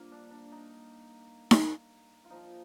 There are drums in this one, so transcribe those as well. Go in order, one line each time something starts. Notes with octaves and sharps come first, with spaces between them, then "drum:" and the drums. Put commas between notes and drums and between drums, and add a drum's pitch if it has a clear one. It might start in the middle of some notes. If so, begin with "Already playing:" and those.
Already playing: G2 D3 F3 A#3
D4
D4
D#4
drum: snare D#4
F4
A#2 F3 D#4